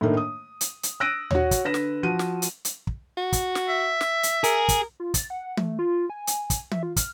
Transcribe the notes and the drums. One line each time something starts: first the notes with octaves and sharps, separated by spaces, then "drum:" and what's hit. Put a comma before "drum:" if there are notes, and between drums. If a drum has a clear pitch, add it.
A2 D3 D#3 A3 A#3
D#6
drum: hi-hat
drum: hi-hat
E6 F#6 A#6 D7 D#7
F#4 C#5, drum: tom D#2
drum: kick, hi-hat
D3 B4 A#6 E7
drum: snare
F3 F#4 D#7
drum: snare
drum: hi-hat
drum: hi-hat
drum: kick
F#4
drum: kick, hi-hat
drum: snare
E5
drum: snare
drum: hi-hat
G#4 A#4, drum: hi-hat
drum: kick, hi-hat
F4
A6, drum: kick, hi-hat
F#5
A3, drum: tom
F4
G#5
drum: hi-hat
drum: kick, hi-hat
E5, drum: tom
F4
F6, drum: kick, hi-hat